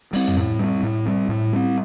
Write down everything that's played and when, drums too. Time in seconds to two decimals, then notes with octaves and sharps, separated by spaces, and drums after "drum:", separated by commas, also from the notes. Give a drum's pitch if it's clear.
0.13 G3 C4, drum: open hi-hat
0.28 drum: tom F2
0.37 A2
0.59 G3 C4
0.83 A2
1.06 G3 C4
1.29 A2
1.53 G3 C4